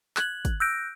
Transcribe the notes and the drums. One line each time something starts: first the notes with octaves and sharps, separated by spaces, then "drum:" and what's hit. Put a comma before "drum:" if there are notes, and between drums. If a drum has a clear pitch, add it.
F#6 G#6 F#7, drum: clap
drum: kick, hi-hat
E6 F#6 G6 A#6 D7